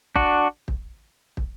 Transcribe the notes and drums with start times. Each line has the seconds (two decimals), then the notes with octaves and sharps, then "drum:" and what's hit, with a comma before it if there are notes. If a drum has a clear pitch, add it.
0.16 D4 F#4, drum: kick
0.68 drum: kick
1.37 drum: kick